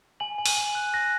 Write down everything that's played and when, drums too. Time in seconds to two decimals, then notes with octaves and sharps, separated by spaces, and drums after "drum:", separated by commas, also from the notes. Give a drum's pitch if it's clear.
0.20 G#5 F#7
0.38 G#5
0.46 D#7, drum: open hi-hat
0.57 G#5
0.75 F#6
0.93 F#6 A#6